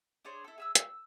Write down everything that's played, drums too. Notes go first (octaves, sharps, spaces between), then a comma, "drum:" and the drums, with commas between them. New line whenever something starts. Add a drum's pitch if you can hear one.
D4 G#4 C5 C#5
E4 A4
G#4 E5 E6
E6, drum: hi-hat